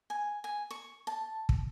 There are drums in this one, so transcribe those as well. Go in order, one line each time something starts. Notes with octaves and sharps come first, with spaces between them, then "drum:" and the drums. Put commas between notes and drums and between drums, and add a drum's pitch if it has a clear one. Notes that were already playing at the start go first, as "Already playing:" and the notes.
G#5
G#5
C#6
A5
drum: kick